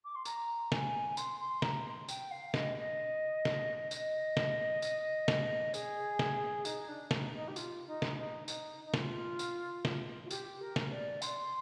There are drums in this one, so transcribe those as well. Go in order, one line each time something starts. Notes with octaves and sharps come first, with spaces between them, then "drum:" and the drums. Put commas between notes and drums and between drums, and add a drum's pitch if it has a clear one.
D6
C6
A#5, drum: tambourine
G#5, drum: snare
C6, drum: tambourine
C6
A#5, drum: snare
G5, drum: tambourine
F5
D#5, drum: snare
D#5
drum: snare
D#5, drum: tambourine
drum: snare
drum: tambourine
drum: snare
G#4, drum: tambourine
drum: snare
D#4, drum: tambourine
D4
D#4, drum: snare
D#4
G4
F4, drum: tambourine
D#4
drum: snare
D#4
D#4, drum: tambourine
D#4
F4, drum: snare
drum: tambourine
drum: snare
F4
G4, drum: tambourine
A#4
drum: snare
D5
C6, drum: tambourine